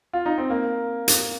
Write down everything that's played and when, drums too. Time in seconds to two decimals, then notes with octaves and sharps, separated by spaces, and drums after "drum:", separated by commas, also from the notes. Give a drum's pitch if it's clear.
0.13 F4
0.26 D#4
0.38 C4
0.50 A#3
1.08 drum: hi-hat